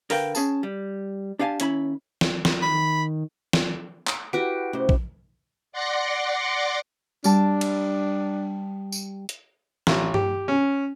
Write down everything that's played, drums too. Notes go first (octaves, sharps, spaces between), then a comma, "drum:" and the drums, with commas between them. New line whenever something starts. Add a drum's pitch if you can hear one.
D3 A#4 B4 F5 G5, drum: open hi-hat
C#4 G#4 A5, drum: tambourine
G3
D4 G4 F5 G#5 A5
D#2 C#4 E4 B5, drum: hi-hat
drum: snare
drum: snare
D#3 B5
drum: snare
drum: clap
E4 F#4 G4 B4 F#5 D7
C3 A3 C#4 C5
drum: kick
D5 F#5 C6 D6 A#6 C#7
G3 D4 A5, drum: tambourine
drum: cymbal
drum: tambourine
drum: hi-hat
A1, drum: snare
G4, drum: tom G2
C#4